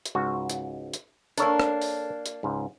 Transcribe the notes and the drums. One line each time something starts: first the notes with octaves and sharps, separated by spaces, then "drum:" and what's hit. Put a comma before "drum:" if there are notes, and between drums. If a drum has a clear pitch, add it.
drum: hi-hat
C#2 G#2 F#4
drum: hi-hat
drum: hi-hat
A#3 D4 A4 A#4 C#5, drum: hi-hat
drum: rim click
drum: open hi-hat
drum: hi-hat
C#2 G#2